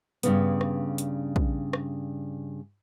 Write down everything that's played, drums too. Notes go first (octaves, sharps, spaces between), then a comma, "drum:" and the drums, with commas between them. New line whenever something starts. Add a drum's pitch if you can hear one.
G2 C#3 B3, drum: hi-hat
drum: rim click
drum: hi-hat
drum: kick
drum: rim click